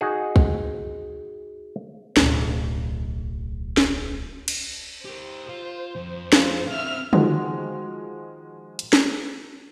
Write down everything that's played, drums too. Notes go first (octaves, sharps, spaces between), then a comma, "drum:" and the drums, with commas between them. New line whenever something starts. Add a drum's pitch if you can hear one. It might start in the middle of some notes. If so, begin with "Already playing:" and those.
D#4 F#4 G#4
drum: kick
D1 B1, drum: snare
drum: snare
drum: cymbal
G4 A#4 C5
F4
F2
F4 C5, drum: snare
C4 A#4 E5 F6
D#3 F3 G#3 F#4, drum: tom
drum: hi-hat
drum: snare